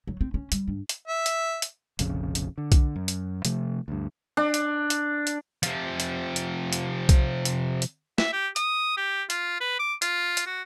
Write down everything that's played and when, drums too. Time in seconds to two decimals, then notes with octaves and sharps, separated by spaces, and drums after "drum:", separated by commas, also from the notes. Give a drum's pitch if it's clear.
0.07 F#3
0.21 C4
0.34 C#4
0.52 G3, drum: hi-hat
0.68 G2
0.89 drum: hi-hat
1.08 E5
1.26 drum: hi-hat
1.62 drum: hi-hat
1.99 F1 A#1 F2 C#3, drum: hi-hat
2.35 drum: hi-hat
2.58 D3
2.72 drum: kick B1, hi-hat
2.96 F#2
3.08 drum: hi-hat
3.45 C3 F3 A3, drum: hi-hat
3.88 D2 G2
4.37 D4
4.54 drum: hi-hat
4.90 drum: hi-hat
5.27 drum: hi-hat
5.63 C3 F3, drum: hi-hat
6.00 drum: hi-hat
6.36 drum: hi-hat
6.73 drum: hi-hat
7.09 drum: kick B1, hi-hat
7.45 drum: hi-hat
7.82 drum: hi-hat
8.18 E5, drum: snare
8.33 G4
8.56 D#6, drum: hi-hat
8.97 G4
9.30 F4, drum: hi-hat
9.61 B4
9.79 D6
10.02 F4, drum: hi-hat
10.37 drum: hi-hat
10.47 F#4